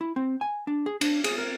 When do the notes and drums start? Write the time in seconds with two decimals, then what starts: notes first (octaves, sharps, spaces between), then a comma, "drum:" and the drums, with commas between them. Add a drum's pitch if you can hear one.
0.01 E4
0.16 C4
0.41 G#5
0.67 D4
0.86 G#4
1.01 D4, drum: cymbal
1.24 G#4, drum: cymbal
1.38 A#4